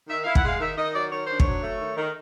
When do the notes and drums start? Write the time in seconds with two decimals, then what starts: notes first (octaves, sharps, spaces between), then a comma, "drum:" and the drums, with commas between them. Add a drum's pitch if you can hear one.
0.09 D#3 E5
0.23 E4 F5
0.35 F#5, drum: kick
0.43 G#3 F5
0.60 D#3 E5
0.78 D#3 D#5
0.94 F#3 D5
1.11 D#3 C#5
1.26 D4 C5
1.40 C#5, drum: kick
1.47 F#3
1.63 A3
1.80 D#3
1.97 D#3